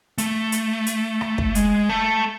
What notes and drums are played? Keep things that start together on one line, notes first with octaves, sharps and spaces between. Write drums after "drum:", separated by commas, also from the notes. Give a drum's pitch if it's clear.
A3, drum: hi-hat
drum: hi-hat
drum: hi-hat
drum: rim click
drum: kick
G#3, drum: hi-hat
A3